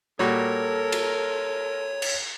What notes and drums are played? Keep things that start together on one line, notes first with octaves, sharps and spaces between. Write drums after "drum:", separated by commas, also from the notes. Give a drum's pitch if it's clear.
A#2 G3 F#4 A4 A#4 C#5
drum: cymbal
drum: cymbal